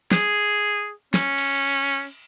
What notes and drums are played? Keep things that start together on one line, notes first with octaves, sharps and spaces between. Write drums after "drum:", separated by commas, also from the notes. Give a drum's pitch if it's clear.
G#4, drum: snare
C#4, drum: snare
drum: cymbal